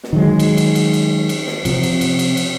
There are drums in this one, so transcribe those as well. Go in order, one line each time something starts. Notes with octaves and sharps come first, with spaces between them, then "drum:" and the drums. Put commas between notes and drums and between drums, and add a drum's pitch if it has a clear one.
drum: snare
D#3 F#3 G#3
drum: cymbal
drum: cymbal
drum: cymbal
drum: cymbal
drum: cymbal
drum: snare
C3 F3, drum: cymbal
drum: cymbal
drum: cymbal
drum: cymbal
drum: cymbal